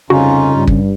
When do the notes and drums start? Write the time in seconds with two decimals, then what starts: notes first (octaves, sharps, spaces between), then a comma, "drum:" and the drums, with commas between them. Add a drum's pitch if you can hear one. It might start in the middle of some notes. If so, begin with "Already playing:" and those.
0.10 C2 F2 C#3 C#4 D#4 F4 F#4
0.55 G2
0.67 drum: kick